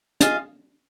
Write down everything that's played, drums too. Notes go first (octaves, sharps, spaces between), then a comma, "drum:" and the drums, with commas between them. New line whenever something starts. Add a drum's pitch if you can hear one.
F4 G#4 D#5 F5, drum: hi-hat